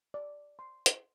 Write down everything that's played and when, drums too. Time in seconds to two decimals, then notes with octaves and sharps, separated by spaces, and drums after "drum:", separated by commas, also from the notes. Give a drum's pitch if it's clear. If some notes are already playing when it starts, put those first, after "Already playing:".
0.14 D5
0.59 C6
0.86 drum: hi-hat